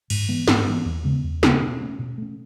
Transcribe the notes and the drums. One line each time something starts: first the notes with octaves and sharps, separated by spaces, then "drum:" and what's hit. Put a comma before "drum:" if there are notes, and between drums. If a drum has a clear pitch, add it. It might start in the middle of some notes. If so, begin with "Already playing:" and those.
G#2, drum: cymbal
E3 G#3 B3
G#2, drum: snare
E3 G#3 B3
E2
C#3 G#3 B3
E2
C#3 G#3 B3, drum: snare
B2
A3 C#4
B2
A3 C#4